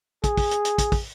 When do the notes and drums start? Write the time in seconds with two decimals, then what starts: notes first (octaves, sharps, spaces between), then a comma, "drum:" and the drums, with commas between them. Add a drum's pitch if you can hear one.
0.24 G#4, drum: kick, hi-hat
0.37 drum: kick, open hi-hat
0.51 drum: hi-hat
0.65 drum: hi-hat
0.78 drum: kick, hi-hat
0.92 drum: kick, open hi-hat